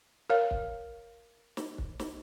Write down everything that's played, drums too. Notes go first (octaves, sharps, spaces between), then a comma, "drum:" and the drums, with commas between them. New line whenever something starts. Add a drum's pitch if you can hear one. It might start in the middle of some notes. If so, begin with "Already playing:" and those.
A#4 C#5 F5
drum: kick
drum: snare
drum: kick
drum: snare